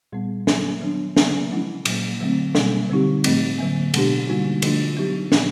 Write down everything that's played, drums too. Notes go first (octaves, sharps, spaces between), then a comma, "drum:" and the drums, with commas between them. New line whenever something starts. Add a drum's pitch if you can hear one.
A#2 G3 B3
A#2 F#3 A#3, drum: snare
D#3 F#3 B3 D4
C#3 F#3 A#3, drum: snare
F3 G#3 C#4 E4
A#2 F#3 A#3, drum: cymbal
D3 F#3 A3 C4
B2 G3 A#3, drum: snare
D3 G3 C4 D#4 G4
A2 F3 A3 C4, drum: cymbal
D3 F#3 A#3
B2 G#3 B3 D4 G4, drum: cymbal
D3 G3 A#3 D#4 F#4
D3 F3 A3 D4 F4, drum: cymbal
F#3 B3 D#4 G4
A#2 F3 A#3, drum: snare